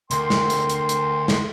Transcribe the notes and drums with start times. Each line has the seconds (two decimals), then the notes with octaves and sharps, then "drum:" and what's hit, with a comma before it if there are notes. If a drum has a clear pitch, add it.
0.11 D2 A#4 G5 C6, drum: hi-hat
0.30 drum: snare
0.50 drum: hi-hat
0.69 drum: hi-hat
0.89 drum: hi-hat
1.28 drum: snare